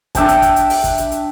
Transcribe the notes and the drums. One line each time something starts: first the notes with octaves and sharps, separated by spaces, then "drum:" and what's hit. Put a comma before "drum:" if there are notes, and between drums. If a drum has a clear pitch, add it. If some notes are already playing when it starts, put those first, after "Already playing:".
D4 E5 G5 A5, drum: kick, hi-hat
drum: hi-hat
drum: kick, hi-hat
drum: hi-hat
drum: open hi-hat
drum: kick, hi-hat
drum: hi-hat
drum: hi-hat